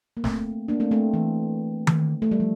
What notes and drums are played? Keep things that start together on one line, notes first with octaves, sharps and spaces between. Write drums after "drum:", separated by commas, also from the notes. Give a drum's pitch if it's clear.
A#3
A3 C4, drum: snare
A#3 D4
A3 C4
A3 C4
E3
drum: tom D#3
A3
G3
F3